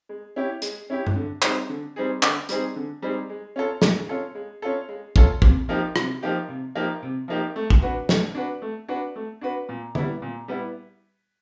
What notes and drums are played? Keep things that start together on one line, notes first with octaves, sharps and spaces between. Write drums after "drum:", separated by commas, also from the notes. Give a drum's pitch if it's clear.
G#3
C#4 E4 G4
G#3, drum: hi-hat
C#4 E4 G4
drum: tom
D3
G3 C4 D#4 G#4, drum: clap
D3
G3 C4 D#4 G#4
D3, drum: clap
G3 C4 D#4 G#4, drum: hi-hat
D3
G3 C4 D#4 G#4
G#3
C#4 F4 A4
G#3, drum: snare
C#4 F4 A4
G#3
C#4 F4 A4
G#3
C#4 F4 A4, drum: kick
C3, drum: kick
F3 A#3 D#4 G4
C3, drum: rim click
F3 A#3 D#4 G4
C3
F3 A#3 D#4 G4
C3
F3 A#3 D#4 G4
A3
drum: kick
D4 F#4 B4
A3, drum: snare
D4 F#4 B4
A3
D4 F#4 B4
A3
D4 F#4 B4
A#2
G3 B3 E4, drum: tom D3
A#2
G3 B3 E4